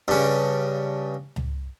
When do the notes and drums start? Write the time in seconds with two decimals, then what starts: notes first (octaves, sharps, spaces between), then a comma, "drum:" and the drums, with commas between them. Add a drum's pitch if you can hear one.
0.08 G2 C#3
1.36 drum: tom C#2